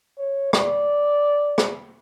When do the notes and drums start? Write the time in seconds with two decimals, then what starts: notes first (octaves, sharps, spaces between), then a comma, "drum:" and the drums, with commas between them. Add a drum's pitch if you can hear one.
0.18 C#5
0.53 D5, drum: rim click
1.58 drum: rim click